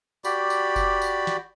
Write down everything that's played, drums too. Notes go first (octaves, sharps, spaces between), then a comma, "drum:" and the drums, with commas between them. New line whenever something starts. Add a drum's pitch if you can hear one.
F#4 G4 D5 B5, drum: tambourine
drum: tambourine
drum: kick F#1, tambourine
drum: tambourine
drum: snare